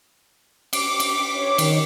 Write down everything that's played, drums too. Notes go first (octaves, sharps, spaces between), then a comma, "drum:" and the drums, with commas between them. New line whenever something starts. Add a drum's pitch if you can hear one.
D6, drum: cymbal
drum: cymbal
C#5
D#3, drum: cymbal